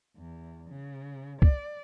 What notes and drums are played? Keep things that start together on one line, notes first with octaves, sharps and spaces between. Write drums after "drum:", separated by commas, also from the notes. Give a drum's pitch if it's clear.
E2
C#3
D5, drum: kick